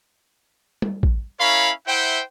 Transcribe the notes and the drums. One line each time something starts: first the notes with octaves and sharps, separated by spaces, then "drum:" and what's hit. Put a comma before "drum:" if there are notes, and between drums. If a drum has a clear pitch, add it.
drum: tom
drum: kick A1
C#4 E4 A#4 C#5 F5 B5
E4 C5 E5 F#5 G5